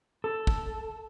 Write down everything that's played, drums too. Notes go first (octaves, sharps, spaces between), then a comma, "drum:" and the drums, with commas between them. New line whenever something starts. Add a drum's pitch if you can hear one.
A4
drum: kick